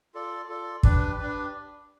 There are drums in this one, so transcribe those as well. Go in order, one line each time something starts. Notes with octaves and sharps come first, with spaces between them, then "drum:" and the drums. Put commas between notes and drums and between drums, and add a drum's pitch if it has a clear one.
F4 A4 D5
F4 A4 D5
D4 G4 B4, drum: kick
D4 G4 B4